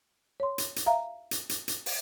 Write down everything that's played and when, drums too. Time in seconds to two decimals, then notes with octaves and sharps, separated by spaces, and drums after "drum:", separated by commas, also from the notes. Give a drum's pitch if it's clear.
0.40 C#5 C6
0.58 drum: hi-hat
0.76 drum: hi-hat
0.86 E5 F5 A#5
1.31 drum: hi-hat
1.49 drum: hi-hat
1.68 drum: hi-hat
1.86 drum: open hi-hat